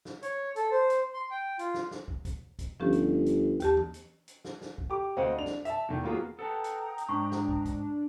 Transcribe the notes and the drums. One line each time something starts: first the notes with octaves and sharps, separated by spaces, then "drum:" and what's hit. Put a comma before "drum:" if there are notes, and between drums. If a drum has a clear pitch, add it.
drum: snare
C#5, drum: hi-hat
A4, drum: hi-hat
C5
drum: hi-hat
C6
G5
F4, drum: hi-hat
drum: snare
drum: snare
drum: kick
drum: kick, hi-hat
drum: kick, hi-hat
G1 F3 C#4 G4
drum: hi-hat
drum: hi-hat
D#2 G4 A5, drum: hi-hat
drum: tom E3
drum: hi-hat
drum: hi-hat
drum: snare
drum: snare
drum: kick
G4 D6
D2 C4 D#5 F5 F#5
D4 F7
drum: snare
E5 A5, drum: hi-hat
E2 D#3
F#3 A#3 B3 F4 F#4 G#4
A4 B4 F#5 G5 A5 A#5 D#6
drum: hi-hat
drum: hi-hat
G#2 D4 C#6
drum: snare
drum: kick
drum: kick, hi-hat